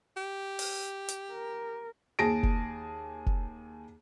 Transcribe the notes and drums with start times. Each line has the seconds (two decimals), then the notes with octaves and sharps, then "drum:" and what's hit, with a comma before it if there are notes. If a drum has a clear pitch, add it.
0.17 G4
0.59 drum: open hi-hat
1.08 drum: hi-hat
1.32 A#4
2.19 D#2 G#4 A5 A#6 D7
2.43 drum: kick F1
3.26 drum: kick F1